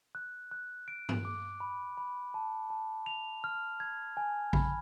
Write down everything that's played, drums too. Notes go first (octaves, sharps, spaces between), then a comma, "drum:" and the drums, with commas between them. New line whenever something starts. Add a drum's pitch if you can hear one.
F#6
F#6
D7
drum: tom G2
D6
B5
B5
A5
A5
F7
F6
G#6
G#5
B5, drum: kick A1